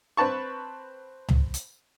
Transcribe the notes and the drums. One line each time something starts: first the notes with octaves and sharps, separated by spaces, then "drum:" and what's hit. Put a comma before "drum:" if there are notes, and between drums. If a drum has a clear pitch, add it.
C4 B4 A5 C#6
drum: tom C#2
drum: hi-hat